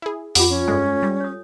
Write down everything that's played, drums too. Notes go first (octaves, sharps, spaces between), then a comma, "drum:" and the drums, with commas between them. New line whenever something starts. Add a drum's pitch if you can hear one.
E4 G#4
F2 F4 G4 F#5 D6, drum: open hi-hat
C#4
G2 G#3 A4 G#5
G3
C#5 D#6